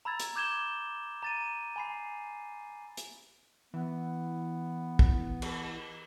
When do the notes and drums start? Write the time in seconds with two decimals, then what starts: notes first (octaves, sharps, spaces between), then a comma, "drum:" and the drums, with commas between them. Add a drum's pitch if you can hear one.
0.05 A#5 B5 E6 G#6 A6
0.20 drum: hi-hat
0.36 D6 G6 G#6 E7 G7
1.23 A#5 A6 D#7
1.76 G#5 B5 C7
2.97 drum: hi-hat
3.74 E3 B3
4.99 drum: kick
5.42 drum: cymbal